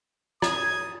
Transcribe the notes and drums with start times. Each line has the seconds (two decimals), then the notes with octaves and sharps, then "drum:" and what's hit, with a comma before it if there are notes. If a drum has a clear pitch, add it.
0.42 D#6 G#6, drum: rim click